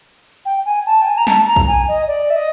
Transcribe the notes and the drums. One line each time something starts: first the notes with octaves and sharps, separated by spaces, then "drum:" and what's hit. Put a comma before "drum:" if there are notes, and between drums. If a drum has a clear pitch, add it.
G5
G#5
A5
G5
G#5
A#5
A5, drum: snare
A#5
drum: kick A#1
G#5
D#5
D5
E5
D#5